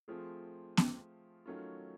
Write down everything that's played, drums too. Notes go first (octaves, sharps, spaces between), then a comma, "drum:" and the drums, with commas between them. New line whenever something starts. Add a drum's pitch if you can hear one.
F3 A3 C4 F4 G#4
drum: snare B3
D#3 F#3 A3 C#4 F4